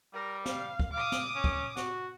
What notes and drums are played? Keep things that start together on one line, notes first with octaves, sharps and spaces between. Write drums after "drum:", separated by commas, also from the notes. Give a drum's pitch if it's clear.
G3 A#4
F5, drum: snare
drum: kick
F5 D6 D#6
drum: snare
C#4
drum: kick
F#4, drum: snare